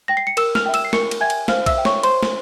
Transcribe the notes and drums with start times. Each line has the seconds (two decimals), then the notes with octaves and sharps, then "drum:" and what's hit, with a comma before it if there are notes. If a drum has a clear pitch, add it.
0.08 G5 A#6
0.17 C7
0.27 C#7
0.37 A#4 E6 E7, drum: cymbal
0.55 F6 F7, drum: snare
0.66 E5 G5
0.74 E6 E7, drum: cymbal
0.85 C7
0.93 A#4 C#6 C#7, drum: snare
1.11 drum: cymbal
1.21 E5 G5 G#5 G#6
1.30 drum: cymbal
1.48 C5 F5 F6, drum: snare
1.66 E5 E6, drum: kick B1, cymbal
1.77 E5 G5
1.85 C#5 C#6, drum: snare
2.03 C5 C6, drum: cymbal
2.23 drum: snare